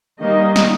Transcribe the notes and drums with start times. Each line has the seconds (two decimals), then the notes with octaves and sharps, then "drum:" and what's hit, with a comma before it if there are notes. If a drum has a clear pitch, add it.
0.21 D#3 G3 A#3 D#5
0.56 drum: snare